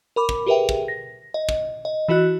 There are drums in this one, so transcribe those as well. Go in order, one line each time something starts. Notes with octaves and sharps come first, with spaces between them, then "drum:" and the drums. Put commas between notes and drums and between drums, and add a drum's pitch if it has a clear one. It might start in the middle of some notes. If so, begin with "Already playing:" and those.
A#4 B5 D6
drum: kick
G4 G#4 A#4 B4 E5 G5
drum: kick
A#6
D#5
drum: kick
D#5
E3 E4 F#4 D#5 F#6